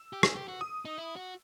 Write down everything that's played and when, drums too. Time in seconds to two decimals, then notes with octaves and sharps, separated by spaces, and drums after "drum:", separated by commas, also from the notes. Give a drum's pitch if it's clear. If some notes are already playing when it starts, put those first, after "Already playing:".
Already playing: E6
0.13 G4
0.23 G#4, drum: rim click
0.36 G4
0.48 F#4
0.61 D#6
0.85 D#4
0.98 E4
1.16 F#4